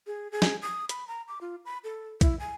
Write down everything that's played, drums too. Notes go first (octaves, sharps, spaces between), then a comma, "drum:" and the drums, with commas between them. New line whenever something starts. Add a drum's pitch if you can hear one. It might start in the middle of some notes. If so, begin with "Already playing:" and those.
G#4
G#4
drum: snare
D#6
B5, drum: hi-hat
A#5
D6
F4
B5
A4
E4, drum: kick B1, hi-hat
G#5